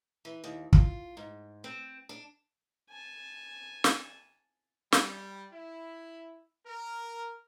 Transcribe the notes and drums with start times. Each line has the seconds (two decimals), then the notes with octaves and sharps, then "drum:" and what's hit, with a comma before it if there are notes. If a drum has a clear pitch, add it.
0.25 E3
0.44 D#2
0.73 F4, drum: kick
1.17 G#2
1.64 C4
2.09 D4
2.90 G#5 A5
3.84 drum: snare
4.92 G3, drum: snare
5.52 E4
6.66 A#4